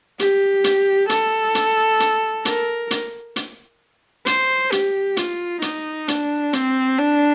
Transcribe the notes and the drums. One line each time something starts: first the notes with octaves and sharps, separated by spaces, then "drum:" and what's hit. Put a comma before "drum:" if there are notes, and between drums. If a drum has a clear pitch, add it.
G4, drum: hi-hat
drum: hi-hat
A4, drum: hi-hat
drum: hi-hat
drum: hi-hat
A#4, drum: hi-hat
drum: hi-hat
drum: hi-hat
C5, drum: hi-hat
G4, drum: hi-hat
F4, drum: hi-hat
D#4, drum: hi-hat
D4, drum: hi-hat
C4, drum: hi-hat
D4